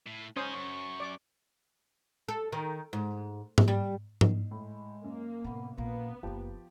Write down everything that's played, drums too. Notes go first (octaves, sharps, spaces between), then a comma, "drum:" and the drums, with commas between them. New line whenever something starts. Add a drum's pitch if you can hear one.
A2
C#4 D#4 G#4 C5 D#6
F#2 C#6
D5 D6
A4
D#3
G#2
drum: tom G#2
G3
D#4, drum: tom G#2
A2 G#3
F#2 A#3
A2 C3 B3
A#1 A#2 A#3 B3
F#1 F2 F3 A#3 G4 A5